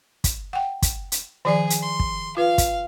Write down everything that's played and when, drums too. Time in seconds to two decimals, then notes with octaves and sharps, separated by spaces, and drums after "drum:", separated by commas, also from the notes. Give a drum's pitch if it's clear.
0.24 drum: kick, hi-hat
0.53 F#5 G5
0.82 drum: kick, hi-hat
1.12 drum: hi-hat
1.45 D#3 F3 G#4 D5
1.70 drum: hi-hat
1.82 C6
2.00 drum: kick
2.37 F4 B4 F5
2.58 drum: kick, hi-hat